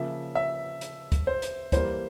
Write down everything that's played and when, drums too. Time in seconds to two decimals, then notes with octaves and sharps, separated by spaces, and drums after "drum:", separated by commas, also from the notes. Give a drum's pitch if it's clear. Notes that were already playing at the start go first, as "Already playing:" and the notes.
Already playing: C#3 F3 A#3 E5
0.35 E5
0.81 drum: hi-hat
1.12 drum: kick, hi-hat
1.27 C5
1.42 drum: hi-hat
1.72 E3 G3 A#3 C5, drum: kick, hi-hat